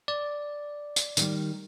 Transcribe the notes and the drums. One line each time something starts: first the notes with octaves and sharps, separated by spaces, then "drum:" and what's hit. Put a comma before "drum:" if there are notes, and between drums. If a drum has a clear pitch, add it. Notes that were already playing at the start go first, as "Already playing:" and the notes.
D5
drum: tambourine
D#3 G3, drum: tambourine